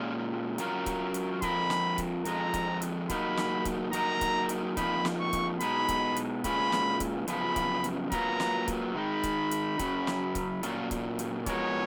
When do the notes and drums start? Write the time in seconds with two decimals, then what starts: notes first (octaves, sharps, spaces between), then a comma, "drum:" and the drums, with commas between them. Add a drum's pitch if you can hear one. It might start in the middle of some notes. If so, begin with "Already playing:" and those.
Already playing: A#2 G#3 C#4 F4
0.58 F#3 C#4 F4 A#4, drum: hi-hat
0.86 drum: kick C#1, hi-hat
1.14 drum: hi-hat
1.42 F2 F3 A#4 B5, drum: kick C#1, hi-hat
1.70 drum: snare
1.98 drum: kick C#1, hi-hat
2.25 F2 F3 G#3 A#5, drum: hi-hat
2.54 drum: kick C#1, hi-hat
2.82 drum: hi-hat
3.09 F#3 A#3 D#4 B5, drum: kick C#1, hi-hat
3.37 drum: snare
3.65 drum: kick C#1, hi-hat
3.93 F#3 A#3 D#4 A#4 A#5, drum: hi-hat
4.21 drum: kick C#1, hi-hat
4.49 drum: hi-hat
4.77 F2 F3 A#3 D#4 B5, drum: kick C#1, hi-hat
5.05 drum: snare
5.19 C#6
5.33 drum: kick C#1, hi-hat
5.60 B2 G#3 D#4 B5, drum: hi-hat
5.89 drum: kick C#1, hi-hat
6.16 drum: hi-hat
6.44 A#2 G#3 C#4 F4 B4 B5, drum: kick C#1, hi-hat
6.72 drum: snare
7.00 drum: kick C#1, hi-hat
7.28 F#2 C#3 F3 B3 F4 B5, drum: hi-hat
7.56 drum: kick C#1, hi-hat
7.84 drum: hi-hat
8.12 F#3 A#3 F4 B4 A#5, drum: kick C#1, hi-hat
8.40 drum: snare
8.68 drum: kick C#1, hi-hat
8.95 D#3 G#3 D#4 B5
9.23 drum: kick C#1, hi-hat
9.51 drum: hi-hat
9.79 F#2 C#3 F#3, drum: kick C#1, hi-hat
10.07 drum: snare
10.35 drum: kick C#1, hi-hat
10.63 A#2 F#3 C#4 F4, drum: hi-hat
10.91 drum: kick C#1, hi-hat
11.19 drum: hi-hat
11.46 F3 G#3 B3 F#4 A#4 C#5, drum: kick C#1, hi-hat